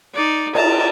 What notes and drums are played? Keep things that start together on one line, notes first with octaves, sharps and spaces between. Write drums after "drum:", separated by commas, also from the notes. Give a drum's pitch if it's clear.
D#4 D5
A5 A#5, drum: cymbal